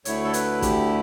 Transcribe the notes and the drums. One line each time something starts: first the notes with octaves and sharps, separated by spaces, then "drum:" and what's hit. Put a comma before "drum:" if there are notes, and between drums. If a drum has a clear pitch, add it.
D2 D3 A3 E4 C#5, drum: hi-hat
A4
B4, drum: hi-hat
G4, drum: kick, hi-hat